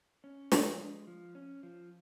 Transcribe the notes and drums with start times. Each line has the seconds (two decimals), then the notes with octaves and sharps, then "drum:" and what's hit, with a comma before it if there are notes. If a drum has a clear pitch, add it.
0.24 C#4
0.52 F3, drum: snare
0.79 G#3
1.07 F3
1.35 C#4
1.63 F3